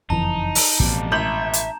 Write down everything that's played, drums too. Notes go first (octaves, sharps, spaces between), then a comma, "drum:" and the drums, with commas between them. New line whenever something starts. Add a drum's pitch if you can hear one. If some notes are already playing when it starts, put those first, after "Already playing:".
F#1 F2 E3 D#4 A5 A#5
drum: open hi-hat
A1 F2 B2 G3, drum: kick
G#1 E5 A#5 G6 E7 F#7
drum: hi-hat